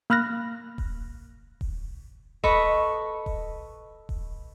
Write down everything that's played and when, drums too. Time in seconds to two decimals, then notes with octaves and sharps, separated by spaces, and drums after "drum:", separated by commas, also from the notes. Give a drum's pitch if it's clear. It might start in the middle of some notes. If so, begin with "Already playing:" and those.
0.10 A#3 B5 F6 F#6 A#6
0.78 drum: kick D#1
1.61 drum: kick D#1
2.43 A4 B4 D#5 B5 C#6, drum: kick D#1
3.26 drum: kick D#1
4.09 drum: kick D#1